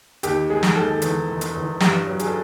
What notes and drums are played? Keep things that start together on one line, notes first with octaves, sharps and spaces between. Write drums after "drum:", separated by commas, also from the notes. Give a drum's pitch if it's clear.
D#2 G4, drum: hi-hat
G#3 G#4
drum: snare
D#2 A4
E2, drum: hi-hat
E1
drum: hi-hat
E2
G2 G4, drum: snare
F#3
G#4, drum: hi-hat
A4